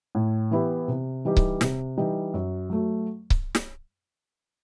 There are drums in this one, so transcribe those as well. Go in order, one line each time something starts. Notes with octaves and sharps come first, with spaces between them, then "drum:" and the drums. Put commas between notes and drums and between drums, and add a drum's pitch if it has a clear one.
A2
E3 B3 E4 G4
C3
E3 G3 D#4 G4
drum: kick C#1
C3, drum: snare
E3 G3 D#4 G4
F#2
F#3 A3
drum: kick C#1
drum: snare